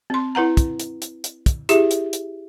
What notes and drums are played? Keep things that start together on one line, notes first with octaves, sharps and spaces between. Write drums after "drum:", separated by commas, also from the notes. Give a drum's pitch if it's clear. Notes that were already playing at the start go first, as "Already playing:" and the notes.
C4 C6
E4 B4 F#5 A#5
drum: kick, hi-hat
drum: hi-hat
drum: hi-hat
drum: hi-hat
drum: kick, hi-hat
E4 G4 G#4 E5, drum: hi-hat
drum: hi-hat
drum: hi-hat